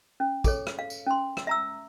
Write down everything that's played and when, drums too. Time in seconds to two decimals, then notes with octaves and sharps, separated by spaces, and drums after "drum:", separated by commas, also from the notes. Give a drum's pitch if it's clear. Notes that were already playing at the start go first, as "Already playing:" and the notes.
0.20 C#4
0.44 G#4 A4 C#5, drum: kick, tambourine
0.67 drum: rim click
0.79 F5
0.90 drum: tambourine
1.07 C#4 C6
1.37 drum: rim click
1.47 E5 A#5 E6